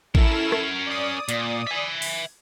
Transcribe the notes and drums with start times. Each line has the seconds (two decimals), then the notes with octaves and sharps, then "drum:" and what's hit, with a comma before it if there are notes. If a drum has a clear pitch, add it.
0.15 C#4 E4 A4 A#4 E7, drum: kick A1
0.52 drum: rim click
0.86 D5 D#6
1.29 A#2, drum: hi-hat
1.67 E5 G#5
2.02 drum: open hi-hat